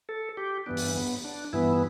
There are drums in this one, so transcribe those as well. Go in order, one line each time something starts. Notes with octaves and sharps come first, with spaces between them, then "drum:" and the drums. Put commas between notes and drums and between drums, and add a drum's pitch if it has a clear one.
A4
G4
G2 E3 B3 D4
drum: open hi-hat
B3
D4
G2 E3 B3 E4